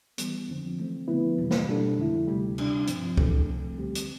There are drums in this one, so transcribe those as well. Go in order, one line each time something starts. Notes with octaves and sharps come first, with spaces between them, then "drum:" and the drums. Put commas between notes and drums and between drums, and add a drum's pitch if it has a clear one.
E3 G3 B3, drum: hi-hat
F2 D3 F3 C4
E3 A3 C4
D3 F3 B3 E4 B4
F2 C3 E3 G3
drum: snare
B2 G3 D4 A4
F2 D3 A3 E4
D2 C3 G3
C3 G3 D4, drum: cymbal
G2 F3 C4, drum: hi-hat
F2 E3 A3 D4 A4, drum: kick C#2
D2 C3 F3 A3 C4
D3 G3 C4 G4
drum: hi-hat